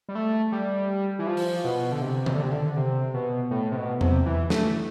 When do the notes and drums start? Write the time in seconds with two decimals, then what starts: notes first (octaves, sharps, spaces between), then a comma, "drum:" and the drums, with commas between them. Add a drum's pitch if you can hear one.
0.08 G3
0.15 A3
0.52 G3
1.19 E3
1.27 F3
1.37 drum: open hi-hat
1.64 B2
1.92 D3
2.02 C3
2.26 C3, drum: tom D#3
2.34 D3
2.42 C3
2.51 D3
2.76 C3
3.14 B2
3.51 A2
3.72 C3
3.76 B2
4.01 C3, drum: tom E2
4.26 E3
4.50 A3, drum: snare